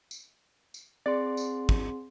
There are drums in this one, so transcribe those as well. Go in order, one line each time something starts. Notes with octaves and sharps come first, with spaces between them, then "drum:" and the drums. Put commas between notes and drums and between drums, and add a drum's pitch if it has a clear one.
drum: tambourine
drum: tambourine
C4 G#4 D5 C6
drum: tambourine
drum: kick